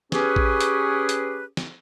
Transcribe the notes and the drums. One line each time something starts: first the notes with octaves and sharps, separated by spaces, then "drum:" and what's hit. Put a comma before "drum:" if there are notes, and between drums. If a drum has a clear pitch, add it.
C#4 G4 G#4 B4, drum: snare
drum: kick A1
drum: hi-hat
drum: hi-hat
drum: snare